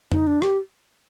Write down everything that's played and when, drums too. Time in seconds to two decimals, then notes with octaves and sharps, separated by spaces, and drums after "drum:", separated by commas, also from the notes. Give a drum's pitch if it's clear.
0.12 D#4, drum: tom F2
0.27 D4
0.42 G4, drum: rim click